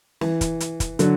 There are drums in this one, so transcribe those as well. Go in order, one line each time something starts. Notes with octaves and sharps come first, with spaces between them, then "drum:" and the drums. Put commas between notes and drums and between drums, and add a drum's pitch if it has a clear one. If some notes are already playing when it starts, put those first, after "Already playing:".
E3, drum: snare
drum: kick, hi-hat
drum: hi-hat
drum: kick, hi-hat
D3 F#3, drum: hi-hat